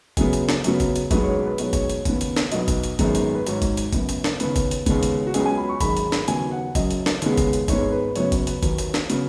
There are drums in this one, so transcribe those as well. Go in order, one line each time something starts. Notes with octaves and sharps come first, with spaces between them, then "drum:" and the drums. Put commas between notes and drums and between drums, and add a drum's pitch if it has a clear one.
F#2 C#3 F#3 B3 G#4, drum: kick F#1, hi-hat
drum: hi-hat
drum: snare
F#2 C#3 F#3 B3, drum: hi-hat
drum: kick F#1, hi-hat
drum: hi-hat
B1 B2 G#3 B3 B4, drum: kick F#1, hi-hat
C#5
B4
B4
B1 B2 G#3 C#5, drum: hi-hat
B4
C#5, drum: kick F#1, hi-hat
drum: hi-hat
D#2 C#3 B3, drum: kick F#1, hi-hat
drum: hi-hat
drum: snare
B1 B2 B3 D#5, drum: hi-hat
drum: kick F#1, hi-hat
drum: hi-hat
G#1 F#2 D#3 G#3 B3, drum: kick F#1, hi-hat
drum: hi-hat
B4
G#1 G#2 F#3 C#5, drum: hi-hat
drum: kick F#1, hi-hat
drum: hi-hat
F#1 F#2 C#3 B3, drum: kick F#1, hi-hat
drum: hi-hat
drum: snare
D#2 C#3 B3 B4, drum: hi-hat
drum: kick F#1, hi-hat
drum: hi-hat
D#2 C#3 G#3 B3, drum: kick F#1, hi-hat
drum: hi-hat
F#4
C#2 C#3 F#3 B3 G#4, drum: hi-hat
G#5
B5
C#6
G#1 F#2 D#3 G#3 B5, drum: kick F#1, hi-hat
drum: hi-hat
drum: snare
D#2 C#3 F#3 B3 G#5, drum: hi-hat
F#5
F#1 F#2 F#3 D#5, drum: kick F#1, hi-hat
drum: hi-hat
drum: snare
D#2 C#3 G#3 B3, drum: hi-hat
drum: kick F#1, hi-hat
drum: hi-hat
G#1 G#2 G#3 B3 C#5, drum: kick F#1, hi-hat
B4
F#2 C#3 F#3 B3 C#5, drum: hi-hat
C#5, drum: kick F#1, hi-hat
B4, drum: hi-hat
D#2 D#3 F#3, drum: kick F#1, hi-hat
drum: hi-hat
drum: snare
C#3 F#3 B3, drum: hi-hat